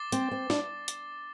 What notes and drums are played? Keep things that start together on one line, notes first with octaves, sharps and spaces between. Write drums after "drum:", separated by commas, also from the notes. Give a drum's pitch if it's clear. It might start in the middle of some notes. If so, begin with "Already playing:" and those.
Already playing: D6 A6 C7 G7
C4, drum: hi-hat
C4
D4, drum: snare
drum: hi-hat